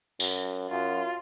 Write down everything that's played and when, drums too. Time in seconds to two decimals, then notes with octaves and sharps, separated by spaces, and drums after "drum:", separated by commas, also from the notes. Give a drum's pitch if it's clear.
0.20 F#2, drum: tambourine
0.70 F#2 F4